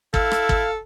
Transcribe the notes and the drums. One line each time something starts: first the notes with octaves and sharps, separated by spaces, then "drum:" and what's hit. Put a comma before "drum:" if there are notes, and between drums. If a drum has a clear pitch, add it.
E4 A4 F5, drum: kick
drum: rim click
drum: kick